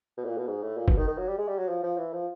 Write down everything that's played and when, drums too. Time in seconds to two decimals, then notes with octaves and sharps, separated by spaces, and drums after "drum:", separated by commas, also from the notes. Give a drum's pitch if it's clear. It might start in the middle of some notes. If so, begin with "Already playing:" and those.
0.18 B2
0.24 A2
0.28 A#2
0.38 B2
0.47 G#2
0.63 A2
0.77 A#2
0.88 B2, drum: kick
0.97 D#3
1.08 D#3
1.18 F#3
1.28 G3
1.38 G#3
1.48 G3
1.58 F#3
1.68 F3
1.83 F3
1.98 E3
2.13 F3